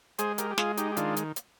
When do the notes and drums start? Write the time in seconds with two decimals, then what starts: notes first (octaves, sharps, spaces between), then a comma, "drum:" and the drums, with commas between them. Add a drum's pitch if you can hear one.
0.18 G#3 G#4 C5, drum: hi-hat
0.38 G4 A#4, drum: hi-hat
0.51 G4
0.58 G#3 F4 G#4, drum: snare
0.77 D#4 G4, drum: hi-hat
0.92 G4
0.97 D#3 D4 F4, drum: hi-hat
1.17 drum: hi-hat
1.36 drum: hi-hat